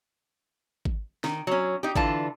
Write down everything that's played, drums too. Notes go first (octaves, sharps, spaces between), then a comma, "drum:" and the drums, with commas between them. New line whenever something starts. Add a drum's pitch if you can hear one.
drum: kick G#1
D#3, drum: snare
F#3 C#4
D#4 G4
D3 E3 F4 A5, drum: kick G#1